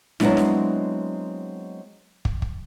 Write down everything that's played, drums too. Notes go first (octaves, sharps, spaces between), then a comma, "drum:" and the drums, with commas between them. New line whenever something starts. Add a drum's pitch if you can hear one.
F#3 G#3 B3 C4 D4 E4, drum: snare
drum: snare
drum: kick
drum: kick